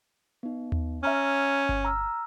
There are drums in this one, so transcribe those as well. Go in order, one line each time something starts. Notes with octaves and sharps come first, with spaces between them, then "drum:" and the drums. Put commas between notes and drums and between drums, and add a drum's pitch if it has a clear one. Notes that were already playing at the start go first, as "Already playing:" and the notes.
B3 D#4
drum: tom D#2
C#4 E5 A#5 F6
drum: kick G1
A#5 E6 F6